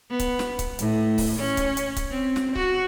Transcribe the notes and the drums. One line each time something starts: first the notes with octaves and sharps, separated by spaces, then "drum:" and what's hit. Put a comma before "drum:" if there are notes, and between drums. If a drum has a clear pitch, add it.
B3
drum: kick C#1, hi-hat
drum: snare
drum: kick C#1, hi-hat
A2, drum: hi-hat
drum: kick C#1, open hi-hat
C#4
drum: kick C#1, hi-hat
drum: hi-hat
drum: kick C#1, hi-hat
C4
drum: snare
F#4, drum: kick C#1